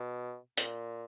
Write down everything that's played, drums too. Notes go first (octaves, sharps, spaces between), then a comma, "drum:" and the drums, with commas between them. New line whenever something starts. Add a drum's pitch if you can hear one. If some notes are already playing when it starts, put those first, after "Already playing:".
Already playing: B2
A#2, drum: hi-hat